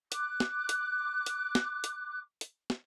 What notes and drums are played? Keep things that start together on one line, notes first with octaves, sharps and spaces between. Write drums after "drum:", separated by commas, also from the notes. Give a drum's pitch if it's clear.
D6 F#6, drum: hi-hat
drum: snare
drum: hi-hat
drum: hi-hat
drum: snare
drum: hi-hat
drum: hi-hat
drum: snare